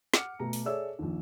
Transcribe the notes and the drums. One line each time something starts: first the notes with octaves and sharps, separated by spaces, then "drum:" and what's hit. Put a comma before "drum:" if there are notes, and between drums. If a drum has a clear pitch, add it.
F#5 D6 F6 C#7, drum: snare
B2 A3 A#5
drum: open hi-hat
G#4 A4 C#5 D5 E5 E6
A#1 D#2